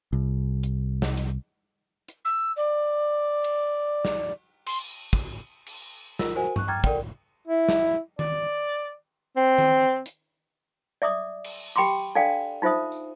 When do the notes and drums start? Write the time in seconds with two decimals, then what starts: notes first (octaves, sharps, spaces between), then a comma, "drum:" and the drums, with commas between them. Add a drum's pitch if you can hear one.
0.13 C2
0.63 drum: hi-hat
1.02 drum: snare
1.17 drum: hi-hat
2.08 drum: hi-hat
2.24 E6
2.56 D5
3.44 drum: cymbal
4.05 drum: snare
4.66 C6, drum: cymbal
5.13 drum: kick
5.66 drum: cymbal
6.19 F4 A#4 E6, drum: snare
6.35 F#4 A#4 C5 F#5 G#5
6.56 C#6 F#6, drum: tom G2
6.68 G5 A#5 D6 F6 G#6 A6
6.84 A4 A#4 D5 F#5 G5, drum: kick
7.47 E4
7.69 drum: snare
8.19 D5, drum: tom D#3
9.36 C4
9.58 drum: tom D#3
10.06 drum: hi-hat
11.02 D5 E5 D6 D#6
11.44 drum: cymbal
11.65 drum: tambourine
11.76 G4 G5 B5 C6 D6
12.15 D4 A4 D5 F5 G5
12.62 D#4 F4 C5 E5 D#6
12.92 drum: tambourine